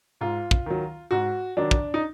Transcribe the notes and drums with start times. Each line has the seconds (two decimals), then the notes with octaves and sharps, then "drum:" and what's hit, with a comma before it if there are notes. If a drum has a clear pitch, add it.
0.21 G#2 F4
0.51 drum: kick
0.66 D#3 F#3
1.11 G#2 F#4
1.57 D#3 F#3 D4
1.71 drum: kick
1.94 D#4